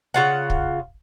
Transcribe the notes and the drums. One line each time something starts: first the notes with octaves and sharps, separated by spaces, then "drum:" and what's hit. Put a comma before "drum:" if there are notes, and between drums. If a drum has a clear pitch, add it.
C#3 F4 F#5
drum: kick